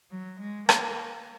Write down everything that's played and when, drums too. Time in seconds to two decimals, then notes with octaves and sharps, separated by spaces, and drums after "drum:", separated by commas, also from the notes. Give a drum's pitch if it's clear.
0.11 F#3
0.40 G#3
0.69 A#3, drum: rim click